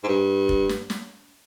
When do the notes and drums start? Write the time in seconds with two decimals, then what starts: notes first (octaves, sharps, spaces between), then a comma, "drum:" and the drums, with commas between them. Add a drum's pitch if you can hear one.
0.03 G#2
0.08 G2
0.49 drum: kick F1
0.69 drum: snare
0.90 drum: snare